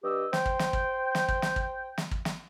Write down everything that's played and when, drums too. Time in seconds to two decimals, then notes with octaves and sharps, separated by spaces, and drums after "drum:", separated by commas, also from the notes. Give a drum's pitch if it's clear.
0.04 G2 G4 D#5 E6
0.33 C5 G5, drum: snare
0.46 drum: kick
0.59 drum: snare
0.73 drum: kick
1.15 drum: snare
1.28 drum: kick
1.42 drum: snare
1.56 drum: kick
1.98 drum: snare
2.11 drum: kick
2.25 drum: snare